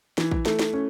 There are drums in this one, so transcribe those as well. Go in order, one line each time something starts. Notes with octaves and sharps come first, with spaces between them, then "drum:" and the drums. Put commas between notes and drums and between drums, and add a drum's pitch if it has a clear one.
E3, drum: snare
drum: kick
A3, drum: snare
drum: snare
C#4